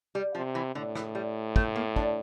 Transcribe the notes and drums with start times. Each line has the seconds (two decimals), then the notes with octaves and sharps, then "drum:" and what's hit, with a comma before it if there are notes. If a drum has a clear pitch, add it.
0.15 G3
0.35 C3 F3
0.55 E3
0.75 A2 D3
0.95 E3, drum: rim click
1.15 G3
1.56 A3, drum: kick
1.76 A#3
1.96 D4, drum: kick